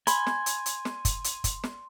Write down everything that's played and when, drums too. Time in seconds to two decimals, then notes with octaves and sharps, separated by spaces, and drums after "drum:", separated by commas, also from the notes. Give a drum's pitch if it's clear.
0.07 G#5 B5 C6, drum: hi-hat
0.27 drum: snare
0.46 drum: hi-hat
0.66 drum: hi-hat
0.85 drum: snare
1.05 drum: kick, hi-hat
1.24 drum: hi-hat
1.44 drum: kick, hi-hat
1.64 drum: snare